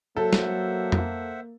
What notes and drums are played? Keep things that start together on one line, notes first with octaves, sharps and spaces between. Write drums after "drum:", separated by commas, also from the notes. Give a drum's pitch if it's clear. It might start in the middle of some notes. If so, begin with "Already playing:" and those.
F#3 A#3 A4 C5 E5 F#5
drum: snare
drum: tom F2